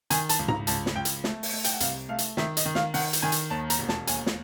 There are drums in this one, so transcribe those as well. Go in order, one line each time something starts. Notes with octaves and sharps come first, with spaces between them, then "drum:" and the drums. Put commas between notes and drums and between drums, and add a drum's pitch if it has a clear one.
D#3 G#5, drum: hi-hat
A5, drum: hi-hat
C#2
A#5, drum: tom G#2
C#2 A5, drum: hi-hat
drum: snare
C#2 G5
drum: hi-hat
A3, drum: snare
drum: open hi-hat
A3
G5, drum: hi-hat
F#5
C2 F5, drum: hi-hat
A3 F5
drum: hi-hat
D#3 E5, drum: snare
D#5, drum: hi-hat
D#3
F5, drum: snare
D#3 F#5, drum: open hi-hat
drum: hi-hat
D#3 G#5
drum: hi-hat
D#2 A5
A#5, drum: hi-hat
E1
A5, drum: snare
D#2 G#5, drum: hi-hat
drum: snare